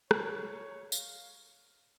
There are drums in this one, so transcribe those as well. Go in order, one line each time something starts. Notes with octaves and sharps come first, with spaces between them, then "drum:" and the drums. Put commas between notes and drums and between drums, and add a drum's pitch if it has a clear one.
C#5, drum: rim click
F5, drum: tambourine